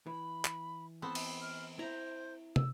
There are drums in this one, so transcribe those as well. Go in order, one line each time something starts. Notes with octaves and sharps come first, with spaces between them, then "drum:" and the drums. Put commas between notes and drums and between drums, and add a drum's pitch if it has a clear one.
E3 B5
drum: clap
B3 C4 A5
drum: cymbal
F6
E4 C5 A#5
E6, drum: tom